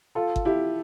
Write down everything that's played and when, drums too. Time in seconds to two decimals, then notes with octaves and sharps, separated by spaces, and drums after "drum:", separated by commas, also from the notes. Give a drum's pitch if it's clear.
0.15 F4 A4
0.36 drum: kick G1
0.45 E4 G4